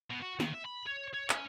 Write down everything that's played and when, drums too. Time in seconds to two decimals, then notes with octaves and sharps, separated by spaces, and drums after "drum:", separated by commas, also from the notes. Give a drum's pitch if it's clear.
0.11 B2
0.22 F#4
0.40 D#3, drum: snare
0.54 E5
0.66 B5
0.87 C#5
1.14 C#5
1.30 C#4, drum: clap